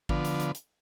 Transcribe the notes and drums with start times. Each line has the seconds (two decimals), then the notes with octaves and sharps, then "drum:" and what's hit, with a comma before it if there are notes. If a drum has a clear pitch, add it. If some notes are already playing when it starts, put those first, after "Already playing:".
0.09 D3 F3 B3, drum: kick G#1
0.25 drum: hi-hat
0.40 drum: hi-hat
0.55 drum: hi-hat